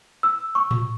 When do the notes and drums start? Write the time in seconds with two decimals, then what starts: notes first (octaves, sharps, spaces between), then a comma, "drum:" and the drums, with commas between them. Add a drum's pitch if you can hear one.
0.23 E6
0.55 C#6
0.71 drum: tom A2